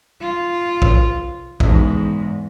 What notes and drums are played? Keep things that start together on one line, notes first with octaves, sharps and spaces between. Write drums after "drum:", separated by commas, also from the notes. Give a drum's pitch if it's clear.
F4
drum: kick
E2 G#2, drum: kick